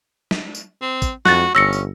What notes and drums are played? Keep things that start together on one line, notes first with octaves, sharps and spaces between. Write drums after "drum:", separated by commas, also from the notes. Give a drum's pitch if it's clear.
drum: snare
drum: tambourine
C4
drum: kick, tambourine
F2 F#4 F#6 A6, drum: snare
G1 C#4 E6 A#6 C#7
drum: tambourine